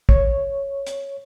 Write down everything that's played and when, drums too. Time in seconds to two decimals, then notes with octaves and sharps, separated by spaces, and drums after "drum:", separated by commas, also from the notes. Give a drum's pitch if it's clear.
0.09 C#5, drum: kick
0.87 drum: hi-hat